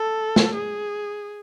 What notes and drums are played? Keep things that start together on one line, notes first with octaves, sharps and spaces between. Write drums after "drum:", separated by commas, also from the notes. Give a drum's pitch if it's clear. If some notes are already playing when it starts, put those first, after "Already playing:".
Already playing: A4
drum: snare
G#4